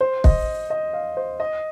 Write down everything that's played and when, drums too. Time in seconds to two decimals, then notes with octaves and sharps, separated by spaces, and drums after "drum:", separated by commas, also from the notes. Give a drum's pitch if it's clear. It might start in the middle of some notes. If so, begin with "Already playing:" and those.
0.01 C5
0.24 D#5, drum: kick
0.70 D#5
0.93 F5
1.17 C5
1.40 D#5